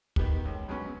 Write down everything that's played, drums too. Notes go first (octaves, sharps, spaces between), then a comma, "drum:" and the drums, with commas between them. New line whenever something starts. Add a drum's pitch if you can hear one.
D#3 B3 G4, drum: kick
C#2
B2 F#3 G#3 B3 C#4